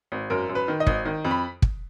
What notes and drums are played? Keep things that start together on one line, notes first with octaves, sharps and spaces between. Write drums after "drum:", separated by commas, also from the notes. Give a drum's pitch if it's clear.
G#1
F#2 A#4
F#2
B4
D#3
D#5
G#1, drum: kick
D#3
F2
B5
drum: kick